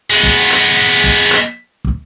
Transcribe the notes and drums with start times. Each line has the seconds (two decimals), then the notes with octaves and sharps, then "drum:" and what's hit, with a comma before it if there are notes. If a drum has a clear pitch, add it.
0.10 G#3 B3
0.24 drum: kick
0.50 drum: rim click
1.04 drum: kick
1.31 drum: rim click
1.85 drum: kick